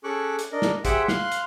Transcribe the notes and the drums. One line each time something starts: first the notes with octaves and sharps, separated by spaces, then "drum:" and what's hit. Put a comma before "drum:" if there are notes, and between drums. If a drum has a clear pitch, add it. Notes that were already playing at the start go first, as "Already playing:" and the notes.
C#4 G#4 A4 C#6 D6 F#6
drum: hi-hat
D4 A#4 D#5
drum: snare
G4 G#4 C5 E5 F#5 G5, drum: kick, hi-hat
F5 C6 F#6, drum: snare
drum: hi-hat